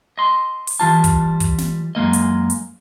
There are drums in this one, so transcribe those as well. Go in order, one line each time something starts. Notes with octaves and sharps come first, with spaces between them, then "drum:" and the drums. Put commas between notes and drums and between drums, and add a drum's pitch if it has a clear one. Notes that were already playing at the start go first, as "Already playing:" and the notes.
D#5 C6
drum: open hi-hat
E3 G3 F4 A5
drum: kick, hi-hat
drum: kick, hi-hat
drum: snare
F#2 G#3 A#3 D#5
drum: hi-hat
drum: hi-hat